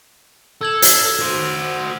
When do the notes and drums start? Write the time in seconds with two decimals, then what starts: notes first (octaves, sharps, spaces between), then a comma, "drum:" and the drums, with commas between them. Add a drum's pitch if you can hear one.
0.61 A4 E6 G#6 F#7
0.82 drum: hi-hat
1.20 F#4 C5